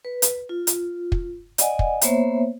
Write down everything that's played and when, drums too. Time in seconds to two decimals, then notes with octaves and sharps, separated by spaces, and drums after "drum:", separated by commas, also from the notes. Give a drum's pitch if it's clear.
0.05 B4
0.22 drum: hi-hat
0.49 F4
0.67 drum: hi-hat
1.12 drum: kick
1.58 D5 D#5 F#5 G#5, drum: hi-hat
1.79 drum: kick
2.02 A#3 B3 C5 C#5 E5, drum: hi-hat